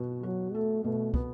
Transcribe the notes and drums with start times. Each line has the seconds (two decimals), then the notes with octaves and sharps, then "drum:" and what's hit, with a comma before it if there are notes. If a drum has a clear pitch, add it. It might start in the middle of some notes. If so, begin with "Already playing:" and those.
Already playing: B2 F#4
0.23 F#3 F#4
0.54 A3 A4
0.84 B2 A3
1.14 B3, drum: kick